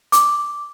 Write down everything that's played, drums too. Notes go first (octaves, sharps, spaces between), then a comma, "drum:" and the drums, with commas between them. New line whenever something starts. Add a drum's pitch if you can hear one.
D6, drum: hi-hat